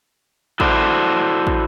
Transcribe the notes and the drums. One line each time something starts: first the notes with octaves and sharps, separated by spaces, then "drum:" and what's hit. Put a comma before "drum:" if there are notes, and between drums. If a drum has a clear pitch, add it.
E4 F#4 A4 C5 D5, drum: kick
drum: kick